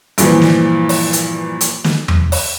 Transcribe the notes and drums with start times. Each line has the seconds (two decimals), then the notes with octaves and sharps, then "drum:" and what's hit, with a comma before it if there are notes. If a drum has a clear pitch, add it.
0.18 G2 A#2 E3 F3, drum: hi-hat
0.42 drum: snare
0.89 drum: open hi-hat
1.13 drum: hi-hat
1.61 drum: hi-hat
1.84 drum: snare
2.08 drum: tom E2
2.32 drum: open hi-hat